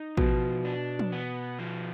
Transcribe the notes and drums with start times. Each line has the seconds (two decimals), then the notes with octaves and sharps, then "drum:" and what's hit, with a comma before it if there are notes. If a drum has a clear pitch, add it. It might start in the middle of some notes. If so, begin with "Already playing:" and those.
Already playing: D#4
0.17 B2 F3, drum: kick A1
0.65 D4
0.99 drum: tom
1.12 B3
1.59 F3